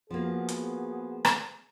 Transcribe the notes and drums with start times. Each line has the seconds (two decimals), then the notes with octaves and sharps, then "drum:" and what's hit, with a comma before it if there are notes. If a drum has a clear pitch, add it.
0.11 F3 A#3 B3 F#4 G#4
0.49 drum: hi-hat
1.25 drum: rim click